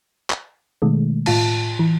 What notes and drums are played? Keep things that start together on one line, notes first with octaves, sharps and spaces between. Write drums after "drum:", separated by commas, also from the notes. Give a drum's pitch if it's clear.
drum: clap
B2 D#3 G#3 A3
A2 F4 A5, drum: cymbal
E3